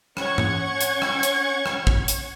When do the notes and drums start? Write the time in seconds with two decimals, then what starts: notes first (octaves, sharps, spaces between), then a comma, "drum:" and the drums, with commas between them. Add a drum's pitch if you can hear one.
0.17 C#4 F#5 C#6 G#6, drum: rim click
0.38 drum: tom G#2
0.81 drum: hi-hat
1.02 drum: rim click
1.23 drum: hi-hat
1.66 drum: rim click
1.87 drum: kick
2.08 drum: hi-hat